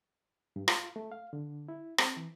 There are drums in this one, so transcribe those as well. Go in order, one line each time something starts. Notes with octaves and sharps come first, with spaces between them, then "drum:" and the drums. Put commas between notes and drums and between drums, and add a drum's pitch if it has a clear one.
G2
F4, drum: rim click
A3
F5
D3
E4
C4, drum: rim click
E3